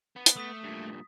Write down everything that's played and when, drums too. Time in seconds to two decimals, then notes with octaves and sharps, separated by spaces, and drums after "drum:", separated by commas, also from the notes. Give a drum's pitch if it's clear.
0.16 B3
0.26 drum: hi-hat
0.37 A3 D#6 B6
0.64 G2 A#2